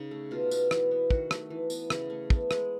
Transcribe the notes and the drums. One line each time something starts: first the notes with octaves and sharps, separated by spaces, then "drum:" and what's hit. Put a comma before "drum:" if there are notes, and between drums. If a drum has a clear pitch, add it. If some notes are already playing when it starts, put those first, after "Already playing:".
Already playing: C#3 D#4
A3
B2 F4
B3, drum: tambourine
E3, drum: rim click
B3
D#3 F#4, drum: kick
A3, drum: rim click
E3
B3, drum: tambourine
C#3, drum: rim click
A3
B3, drum: kick
G#3, drum: rim click